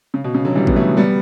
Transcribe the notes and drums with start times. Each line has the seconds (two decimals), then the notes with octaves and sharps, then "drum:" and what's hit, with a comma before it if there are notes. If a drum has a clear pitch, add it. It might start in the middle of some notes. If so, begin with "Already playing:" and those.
0.14 C#3
0.24 B2
0.34 C#3
0.45 D3 F#3
0.55 E3 G3
0.67 B3, drum: kick A1
0.76 F#3 A3
0.97 G3 B3